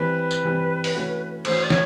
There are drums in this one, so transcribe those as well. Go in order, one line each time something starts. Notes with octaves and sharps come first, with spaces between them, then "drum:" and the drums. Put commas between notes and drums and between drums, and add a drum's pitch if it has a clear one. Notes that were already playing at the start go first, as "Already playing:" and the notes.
Already playing: E3 G3 C4 B4
drum: tambourine
E3 G3 C4
drum: open hi-hat
E3 A3 C#4 F#4
E3 A3 C#4 F#4 C5, drum: cymbal
D5
C#5, drum: snare